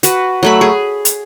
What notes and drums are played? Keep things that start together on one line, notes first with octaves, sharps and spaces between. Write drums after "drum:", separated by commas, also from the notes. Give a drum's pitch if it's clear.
F#4 B4, drum: hi-hat
F#3 A3 B5
G#4
drum: hi-hat